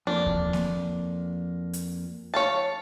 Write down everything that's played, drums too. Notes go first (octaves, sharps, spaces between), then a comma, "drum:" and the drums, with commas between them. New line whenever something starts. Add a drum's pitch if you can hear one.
F2 F3 A#3 D4
drum: kick D#2
drum: snare A#3
drum: hi-hat
C#5 F5 A5